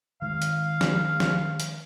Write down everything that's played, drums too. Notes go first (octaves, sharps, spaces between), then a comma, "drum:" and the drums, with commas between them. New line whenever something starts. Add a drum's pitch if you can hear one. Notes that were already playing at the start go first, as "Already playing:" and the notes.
D#3 G#3 F5
drum: hi-hat
drum: snare
drum: snare
drum: hi-hat